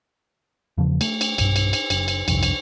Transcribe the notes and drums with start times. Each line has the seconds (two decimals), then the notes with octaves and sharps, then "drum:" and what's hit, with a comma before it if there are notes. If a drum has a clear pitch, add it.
0.78 E2 C#3 F3
1.01 A3, drum: cymbal
1.21 drum: cymbal
1.38 B1 G2, drum: cymbal
1.56 drum: cymbal
1.73 drum: cymbal
1.90 F#1, drum: cymbal
2.08 drum: cymbal
2.28 G1 C2 F2, drum: cymbal
2.43 drum: cymbal